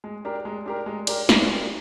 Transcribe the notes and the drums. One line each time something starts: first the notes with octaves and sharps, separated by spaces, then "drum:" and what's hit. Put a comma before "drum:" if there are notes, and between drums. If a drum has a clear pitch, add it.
G#3
D4 G4 A#4
G#3
D4 G4 A#4
G#3
D4 G4 A#4, drum: cymbal
G#3, drum: snare
D4 G4 A#4